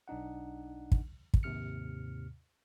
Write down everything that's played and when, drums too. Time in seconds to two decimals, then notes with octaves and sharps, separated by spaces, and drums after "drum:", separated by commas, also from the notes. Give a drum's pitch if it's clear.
0.08 B1 D4 D#4 F#5
0.92 drum: kick
1.34 drum: kick
1.43 D#2 G#2 C3 F6 C#7